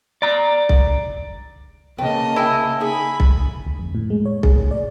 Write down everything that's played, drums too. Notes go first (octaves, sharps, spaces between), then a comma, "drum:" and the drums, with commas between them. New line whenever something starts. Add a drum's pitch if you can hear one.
D5 A#5
drum: kick B1
C#3 A#3 B4 D#5 G5 A5
C#4 E4 G5 G#5
D#4 G#4 G#5 B5
drum: kick B1
D2
F2
A2
G#3
C#5
G#4, drum: kick B1
A2
D5